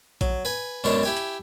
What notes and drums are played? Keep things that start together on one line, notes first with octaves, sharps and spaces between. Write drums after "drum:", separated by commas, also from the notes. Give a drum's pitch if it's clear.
F#3, drum: kick A#1, hi-hat
B4 G#5
F#2 B2 G#3 D4 C#5 A5
E4 G4 G#5
drum: hi-hat